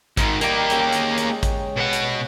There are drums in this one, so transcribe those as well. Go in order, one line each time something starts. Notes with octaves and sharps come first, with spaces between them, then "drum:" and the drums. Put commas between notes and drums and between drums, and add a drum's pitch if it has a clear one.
G#2 D#3, drum: kick A1, hi-hat
D#3 G3 A#3 G4 A#5, drum: hi-hat
C#3 C#5 G5, drum: hi-hat
drum: hi-hat
drum: hi-hat
G#3 C#5 G5
drum: kick A1, hi-hat
B2 F#5
drum: hi-hat